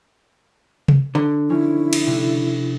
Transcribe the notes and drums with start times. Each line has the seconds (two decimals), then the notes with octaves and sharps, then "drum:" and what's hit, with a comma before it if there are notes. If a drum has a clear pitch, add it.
0.88 drum: tom C3
1.15 D3
1.49 F3 C#4 D#4 E4
1.93 drum: cymbal
2.06 C3 A3 D4